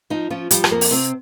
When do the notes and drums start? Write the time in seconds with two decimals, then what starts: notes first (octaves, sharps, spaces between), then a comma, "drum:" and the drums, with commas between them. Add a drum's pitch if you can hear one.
0.10 F3 D#4
0.30 F3 C#4 F4
0.51 F3 G3 G4, drum: hi-hat
0.64 C5, drum: rim click
0.71 F2 A#3 A#4
0.81 drum: open hi-hat
0.91 C3 C4 C5